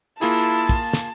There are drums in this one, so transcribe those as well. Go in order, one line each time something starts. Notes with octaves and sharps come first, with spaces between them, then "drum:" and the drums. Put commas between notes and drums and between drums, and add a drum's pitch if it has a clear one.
A#3 E4 F4 G#4 A5
drum: kick
drum: snare